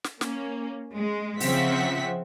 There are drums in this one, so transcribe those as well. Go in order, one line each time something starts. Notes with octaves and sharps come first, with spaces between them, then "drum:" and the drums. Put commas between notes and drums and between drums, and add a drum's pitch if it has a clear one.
drum: snare
A#3 C#4, drum: snare
G#3
C#3 F3 C4 E5 F#5 B6, drum: open hi-hat